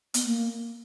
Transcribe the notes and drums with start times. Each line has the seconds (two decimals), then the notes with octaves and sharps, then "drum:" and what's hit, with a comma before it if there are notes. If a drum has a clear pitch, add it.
0.14 B3, drum: hi-hat
0.25 A#3